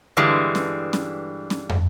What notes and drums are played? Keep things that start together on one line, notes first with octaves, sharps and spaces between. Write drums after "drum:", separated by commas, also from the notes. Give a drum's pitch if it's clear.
G2 D3 E3 G3 G#3
drum: snare C#4
drum: snare C#4
drum: snare C#4
drum: tom